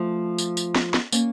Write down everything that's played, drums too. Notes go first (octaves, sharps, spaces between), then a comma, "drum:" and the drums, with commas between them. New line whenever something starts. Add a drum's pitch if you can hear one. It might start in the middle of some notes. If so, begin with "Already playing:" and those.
Already playing: F3 A3
drum: tambourine
drum: tambourine
drum: snare
drum: snare
A#3 C#4, drum: tambourine